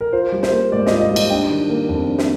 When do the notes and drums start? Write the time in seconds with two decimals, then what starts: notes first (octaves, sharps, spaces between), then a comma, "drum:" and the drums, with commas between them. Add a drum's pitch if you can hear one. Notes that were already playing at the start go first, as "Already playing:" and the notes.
0.01 A#4
0.13 F4 C5
0.32 G3
0.43 C5, drum: snare
0.52 A#3
0.72 G#2 D5
0.86 F4 D#5, drum: snare
1.01 D#5
1.11 G3
1.16 D#5, drum: cymbal
1.30 D4 G5
1.50 D#3
1.70 A#3
1.89 F2
2.09 D4
2.18 drum: snare